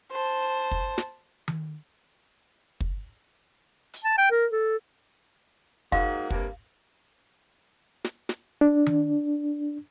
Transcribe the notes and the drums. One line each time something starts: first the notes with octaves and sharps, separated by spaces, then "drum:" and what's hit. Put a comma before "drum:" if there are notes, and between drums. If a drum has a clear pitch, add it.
C5 A5
drum: kick
drum: snare
drum: tom D#3
drum: kick
drum: hi-hat
A5
G5
A#4
A4
G#2 A#3 F#4 F5, drum: kick
G2 C3 A#3, drum: kick
drum: snare
drum: snare
D4
drum: tom D#3